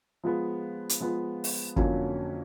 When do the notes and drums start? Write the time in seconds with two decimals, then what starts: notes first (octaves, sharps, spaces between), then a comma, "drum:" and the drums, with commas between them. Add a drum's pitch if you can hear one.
0.24 F3 G#3 B3
0.89 drum: hi-hat
1.00 F3 G#3 B3
1.44 drum: open hi-hat
1.76 F2 D3 F#3 A#3 C#4, drum: kick